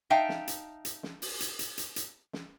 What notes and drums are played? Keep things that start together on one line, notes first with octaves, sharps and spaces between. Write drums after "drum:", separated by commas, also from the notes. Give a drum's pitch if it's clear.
D#4 E5 F5 G5 A5
drum: snare
drum: hi-hat
drum: hi-hat
drum: snare
drum: open hi-hat
drum: hi-hat
drum: hi-hat
drum: hi-hat
drum: hi-hat
drum: snare